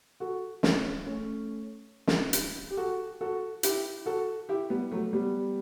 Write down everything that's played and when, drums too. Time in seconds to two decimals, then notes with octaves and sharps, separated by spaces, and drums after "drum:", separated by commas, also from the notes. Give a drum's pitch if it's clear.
0.20 F#4 A4
0.63 A3 C#4, drum: snare
1.06 A3 C#4
2.07 drum: snare
2.33 drum: hi-hat
2.70 G4
2.77 F#4 A4
3.21 F#4 A4
3.63 E4 G4, drum: hi-hat
4.06 F#4 A4
4.49 E4 G4
4.70 G3 B3
4.91 F#3 A3
5.13 G3 B3